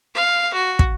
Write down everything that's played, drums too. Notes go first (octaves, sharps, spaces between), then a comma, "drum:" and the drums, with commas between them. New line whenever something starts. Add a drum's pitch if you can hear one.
F5
F#4
drum: kick